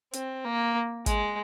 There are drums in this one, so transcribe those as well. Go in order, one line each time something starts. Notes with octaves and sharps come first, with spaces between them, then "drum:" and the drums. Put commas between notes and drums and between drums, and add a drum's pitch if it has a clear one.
C4, drum: hi-hat
A#3
G#3, drum: kick, hi-hat